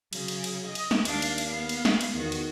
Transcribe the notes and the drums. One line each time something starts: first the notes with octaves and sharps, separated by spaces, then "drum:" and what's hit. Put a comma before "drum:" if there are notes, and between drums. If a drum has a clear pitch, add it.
C#3 F#3, drum: cymbal
drum: cymbal
drum: cymbal
D#5
drum: cymbal
drum: snare
D#2 D4 F5, drum: cymbal
drum: cymbal
drum: cymbal
B3 F5
drum: cymbal
drum: snare
drum: cymbal
E2 D#3 F#4
drum: cymbal